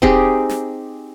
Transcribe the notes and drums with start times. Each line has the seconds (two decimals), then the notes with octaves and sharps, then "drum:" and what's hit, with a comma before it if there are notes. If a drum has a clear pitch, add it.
0.02 C4 D#4 G4 G#4, drum: kick E1
0.49 drum: snare